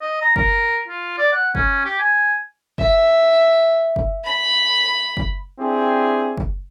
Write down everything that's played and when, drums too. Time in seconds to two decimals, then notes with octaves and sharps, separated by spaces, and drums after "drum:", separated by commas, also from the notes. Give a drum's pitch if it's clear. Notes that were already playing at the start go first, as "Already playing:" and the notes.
0.01 D#5
0.22 A#5
0.36 A#4, drum: kick F#1
0.88 F4
1.18 D5
1.32 F#5
1.55 C#4, drum: kick F#1
1.85 G4
2.00 G#5
2.78 E5, drum: kick F#1
3.96 drum: kick F#1
4.24 B5
5.17 drum: kick F#1
5.59 C4 D4 E4 G4 G#4
6.38 drum: kick F#1